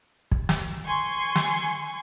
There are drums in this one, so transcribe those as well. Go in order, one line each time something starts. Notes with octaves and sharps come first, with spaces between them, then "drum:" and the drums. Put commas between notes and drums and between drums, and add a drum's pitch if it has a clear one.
drum: kick
drum: snare
G#5 C6 C#6
drum: snare